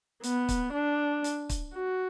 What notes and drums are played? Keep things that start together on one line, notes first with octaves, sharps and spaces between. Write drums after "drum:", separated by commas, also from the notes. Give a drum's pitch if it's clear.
B3, drum: hi-hat
drum: kick, hi-hat
D4
drum: hi-hat
drum: kick, hi-hat
F#4